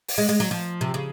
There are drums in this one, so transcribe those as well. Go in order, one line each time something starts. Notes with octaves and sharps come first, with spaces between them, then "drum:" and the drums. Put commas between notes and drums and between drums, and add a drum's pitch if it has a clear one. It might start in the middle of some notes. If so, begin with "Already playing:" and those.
drum: open hi-hat
G#3
G#3
F#3
F3
C3
C#3